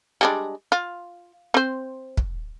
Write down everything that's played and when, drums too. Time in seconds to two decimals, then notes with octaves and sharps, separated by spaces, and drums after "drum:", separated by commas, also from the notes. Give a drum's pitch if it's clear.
0.21 G3 G#3 D4
0.72 F4
1.54 C4 C5
2.17 drum: kick